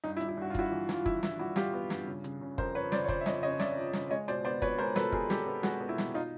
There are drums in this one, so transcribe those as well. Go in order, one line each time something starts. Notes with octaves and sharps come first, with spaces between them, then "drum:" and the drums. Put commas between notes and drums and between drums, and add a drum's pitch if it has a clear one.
G2 D#4
E4
G3, drum: hi-hat
E4
G2 F#4
F4
G2 E4 F#4, drum: kick F#1, hi-hat
E3
E3, drum: snare
F4
E3 E4, drum: kick F#1
G2 E4, drum: snare
G3 E4 F#4
G3 F4 G4, drum: snare
B3
G2, drum: snare
C#3
C#3, drum: hi-hat
C#3
F2 A#4 C5, drum: kick F#1
F3 B4 C#5
C#3 C5 D5, drum: snare
C#5
F3 C5 D5, drum: kick F#1
E5
F2 C#5 D#5, drum: snare
C#3 C#5 D#5
C#3 D5 E5, drum: snare
F3
C#3, drum: snare
G#3 C#5 D#5
B2 C5 D5, drum: hi-hat
B3 C5 D5
B2 B4 C#5, drum: kick F#1, hi-hat
G#3 A#4 C5
B2 A4 B4, drum: snare
B2 G#4 A#4, drum: kick F#1
G#3 G4 A4, drum: snare
B3
G#3 F#4 G#4, drum: snare
B3
E4
B2, drum: snare
D#4 F4